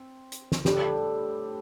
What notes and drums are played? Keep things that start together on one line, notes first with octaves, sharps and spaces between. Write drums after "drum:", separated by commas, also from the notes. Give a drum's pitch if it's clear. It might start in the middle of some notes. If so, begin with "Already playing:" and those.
Already playing: C4
drum: hi-hat
drum: snare
A2 G3 D4 G4 A4, drum: snare